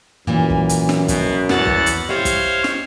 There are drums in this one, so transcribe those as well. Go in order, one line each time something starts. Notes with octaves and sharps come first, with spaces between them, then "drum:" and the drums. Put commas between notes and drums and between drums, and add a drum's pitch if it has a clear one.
F#2 A#2 E3
drum: kick
drum: hi-hat
drum: snare
B2, drum: kick, hi-hat
E2 B3 F#4 F#5 A6, drum: snare
drum: kick
drum: hi-hat
E4 G4 C5 C#5 D#5 F5
drum: kick, hi-hat
drum: snare